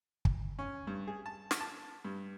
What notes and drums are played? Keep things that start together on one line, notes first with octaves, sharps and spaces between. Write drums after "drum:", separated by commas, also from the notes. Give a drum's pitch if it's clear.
drum: kick
C#4
G2
G#4
A5
drum: snare
A5
G2